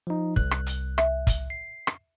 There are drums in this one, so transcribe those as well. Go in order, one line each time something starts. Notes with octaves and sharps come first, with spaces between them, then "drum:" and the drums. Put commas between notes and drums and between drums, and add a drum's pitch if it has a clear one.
F3 D#4
C2 F#6, drum: kick
drum: rim click
drum: hi-hat
E5, drum: rim click
drum: kick, hi-hat
C7
drum: rim click